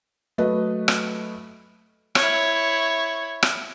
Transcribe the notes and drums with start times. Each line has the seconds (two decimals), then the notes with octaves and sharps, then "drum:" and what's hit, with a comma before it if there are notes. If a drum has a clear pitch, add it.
0.38 F#3 A3 B4 D#5
0.88 drum: rim click
2.15 E4 C#5, drum: rim click
3.43 drum: rim click